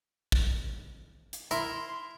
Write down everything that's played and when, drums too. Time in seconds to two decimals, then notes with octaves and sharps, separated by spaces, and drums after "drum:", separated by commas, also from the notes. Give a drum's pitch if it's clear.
0.32 drum: kick
1.33 drum: hi-hat
1.51 E4 A#4 C6, drum: hi-hat